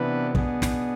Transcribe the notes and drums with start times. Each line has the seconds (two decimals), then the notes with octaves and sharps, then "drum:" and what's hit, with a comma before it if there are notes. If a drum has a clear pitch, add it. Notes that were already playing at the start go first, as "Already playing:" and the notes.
Already playing: C3 E3 B3 D4 B4
0.35 B2 B3 D4 G#4, drum: kick
0.62 drum: snare